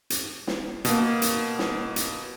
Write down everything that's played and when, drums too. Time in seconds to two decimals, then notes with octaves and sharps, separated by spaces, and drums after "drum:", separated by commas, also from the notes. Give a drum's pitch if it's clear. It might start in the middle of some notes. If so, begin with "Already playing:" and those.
0.10 drum: hi-hat
0.47 drum: snare
0.85 B2 A#3, drum: hi-hat
1.22 drum: hi-hat
1.59 drum: snare
1.96 drum: hi-hat